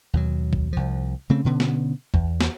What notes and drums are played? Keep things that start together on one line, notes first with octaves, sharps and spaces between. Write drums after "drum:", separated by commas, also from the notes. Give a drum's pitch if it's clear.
D#2 B2 F#3
drum: kick
C2 F3
C#3 A3 C4 C#4
B2 D3 B3 C#4
drum: snare
E2, drum: kick
drum: snare